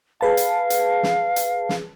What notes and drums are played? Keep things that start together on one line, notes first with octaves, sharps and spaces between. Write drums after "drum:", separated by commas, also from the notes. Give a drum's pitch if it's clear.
G#4 B4 F5 A5
drum: hi-hat
drum: hi-hat
drum: snare
drum: hi-hat
drum: snare